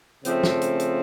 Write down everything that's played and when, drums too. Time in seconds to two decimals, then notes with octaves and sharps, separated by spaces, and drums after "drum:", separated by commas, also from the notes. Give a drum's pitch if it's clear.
0.25 C#3 F3 A3 C4, drum: hi-hat
0.43 drum: snare
0.61 drum: hi-hat
0.80 drum: hi-hat